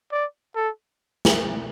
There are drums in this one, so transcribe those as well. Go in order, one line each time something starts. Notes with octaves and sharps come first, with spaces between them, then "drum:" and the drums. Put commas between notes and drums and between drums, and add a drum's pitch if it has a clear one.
D5
A4
drum: snare